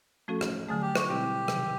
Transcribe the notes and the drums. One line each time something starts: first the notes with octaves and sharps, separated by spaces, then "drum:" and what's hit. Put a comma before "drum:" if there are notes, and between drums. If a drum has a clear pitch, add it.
F3 A3 C#4 F#4 A4
drum: rim click
D3 F#3 A3 G#4
G4
F#4, drum: rim click
B2 G3 C4 E4 G4
C3 D#3 F#3, drum: rim click